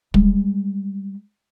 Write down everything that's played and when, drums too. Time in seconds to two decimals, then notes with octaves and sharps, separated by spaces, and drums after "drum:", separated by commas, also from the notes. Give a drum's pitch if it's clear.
0.14 G3 G#3, drum: kick